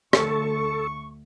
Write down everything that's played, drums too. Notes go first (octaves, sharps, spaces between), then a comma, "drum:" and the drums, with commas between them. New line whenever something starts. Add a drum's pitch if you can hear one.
D2 D3 A3 A4 C#6, drum: rim click